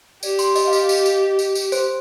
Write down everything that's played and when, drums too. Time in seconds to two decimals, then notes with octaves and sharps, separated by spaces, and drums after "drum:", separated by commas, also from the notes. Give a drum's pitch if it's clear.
0.23 G4 D5, drum: tambourine
0.39 C6, drum: tambourine
0.56 D#5, drum: tambourine
0.68 F5
0.73 D#5, drum: tambourine
0.89 drum: tambourine
1.06 drum: tambourine
1.39 drum: tambourine
1.55 drum: tambourine
1.72 C5, drum: tambourine